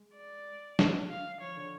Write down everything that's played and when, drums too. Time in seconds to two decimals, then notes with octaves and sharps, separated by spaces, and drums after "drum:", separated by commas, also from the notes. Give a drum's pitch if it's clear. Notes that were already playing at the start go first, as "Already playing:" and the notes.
Already playing: G#3
0.15 D5
0.79 D3, drum: snare
1.10 F5
1.41 F3 C#5
1.57 D3